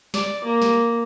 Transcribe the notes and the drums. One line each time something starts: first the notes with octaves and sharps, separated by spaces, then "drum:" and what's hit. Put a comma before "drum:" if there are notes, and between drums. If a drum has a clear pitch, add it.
D5, drum: snare
A#3
drum: snare